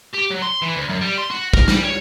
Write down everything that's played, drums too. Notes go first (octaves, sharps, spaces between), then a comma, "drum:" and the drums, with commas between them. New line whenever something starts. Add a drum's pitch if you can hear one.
G4
F#3
C6
E3
D2
F#2
G3
C6
F#4
A#4, drum: kick
G3, drum: snare
C#5